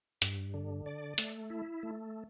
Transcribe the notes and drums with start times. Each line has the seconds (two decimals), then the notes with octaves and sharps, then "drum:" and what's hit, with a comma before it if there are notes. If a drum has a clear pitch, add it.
0.22 G2, drum: hi-hat
0.54 D3
0.86 D5
1.18 A3, drum: hi-hat
1.50 E4
1.83 A3